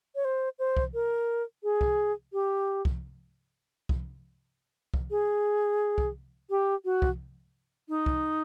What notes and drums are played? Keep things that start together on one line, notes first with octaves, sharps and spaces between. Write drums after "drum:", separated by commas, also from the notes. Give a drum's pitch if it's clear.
C#5
C5
C5
drum: kick C2
A#4
G#4
drum: kick C2
G4
drum: kick C2
drum: kick C2
drum: kick C2
G#4
drum: kick C2
G4
F#4
drum: kick C2
D#4
drum: kick C2